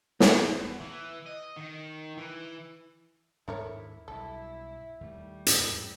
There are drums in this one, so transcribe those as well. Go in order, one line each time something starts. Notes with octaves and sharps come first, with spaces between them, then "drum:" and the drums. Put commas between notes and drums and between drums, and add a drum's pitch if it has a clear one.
F2, drum: snare
E2
E3
D#5
D#3
E3
D#2 G#2 A3 D4 E4 A#4 C#5
B1 G2 E4 A4
D#2 G3 A3
drum: hi-hat
E2 G#2